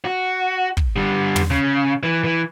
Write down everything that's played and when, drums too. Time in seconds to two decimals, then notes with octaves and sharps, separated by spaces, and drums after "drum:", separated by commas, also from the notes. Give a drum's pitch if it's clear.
0.05 F#4
0.77 drum: kick
0.96 D3 G3
1.36 drum: tom
1.51 C#3
2.03 E3
2.24 E3